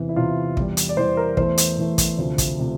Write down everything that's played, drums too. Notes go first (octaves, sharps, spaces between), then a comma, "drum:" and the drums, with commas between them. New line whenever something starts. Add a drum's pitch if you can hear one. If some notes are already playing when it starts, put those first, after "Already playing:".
Already playing: E2 C3 E3
E4
E2 C3 E3 F4
E2 E3 G3, drum: kick
drum: hi-hat
D5
E2 E3 G3 C5
A#4
E2 E3 A3 C5, drum: kick
drum: hi-hat
E2 E3 A3
drum: kick, hi-hat
D2 C3 F3 A3
drum: kick, hi-hat
C3 F3 A3